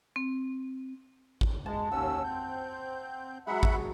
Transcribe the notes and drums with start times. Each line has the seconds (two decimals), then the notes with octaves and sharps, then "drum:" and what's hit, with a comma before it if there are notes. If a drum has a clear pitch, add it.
0.16 C4
1.41 drum: kick G#1
1.66 G#3 A5
1.92 D#2 C#4 F#5 E6
2.24 C4 G6
3.47 F#3 G#3 E5 F#5 B5
3.63 drum: kick G#1